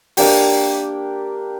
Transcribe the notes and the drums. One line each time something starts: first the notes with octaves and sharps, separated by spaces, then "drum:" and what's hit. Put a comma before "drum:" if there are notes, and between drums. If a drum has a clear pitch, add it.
A#3 D4 G4, drum: open hi-hat